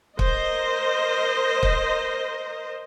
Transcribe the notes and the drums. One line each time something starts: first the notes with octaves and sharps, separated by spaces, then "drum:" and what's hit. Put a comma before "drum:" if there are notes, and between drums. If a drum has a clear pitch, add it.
A#4 C5 D#5, drum: kick
drum: kick